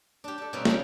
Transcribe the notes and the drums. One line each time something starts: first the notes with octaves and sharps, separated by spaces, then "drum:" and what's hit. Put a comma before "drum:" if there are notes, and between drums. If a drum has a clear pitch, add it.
D4 G4
D4 A4
B2 G3 A#3 C4 C#4
C#3 C#4 G5 B5, drum: snare